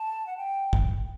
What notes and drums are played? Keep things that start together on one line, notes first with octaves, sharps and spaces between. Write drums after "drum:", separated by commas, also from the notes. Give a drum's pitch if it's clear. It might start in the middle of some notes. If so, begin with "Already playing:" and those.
Already playing: A5
F#5
G5
drum: kick